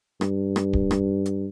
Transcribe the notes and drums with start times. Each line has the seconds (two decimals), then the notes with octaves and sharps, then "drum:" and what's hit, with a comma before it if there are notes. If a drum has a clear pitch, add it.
0.21 G2, drum: rim click
0.56 drum: rim click
0.73 drum: kick
0.91 drum: rim click
1.26 drum: hi-hat